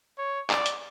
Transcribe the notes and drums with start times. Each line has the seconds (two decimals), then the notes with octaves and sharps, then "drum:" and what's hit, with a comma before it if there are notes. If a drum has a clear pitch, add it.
0.19 C#5
0.50 D5, drum: clap
0.66 drum: hi-hat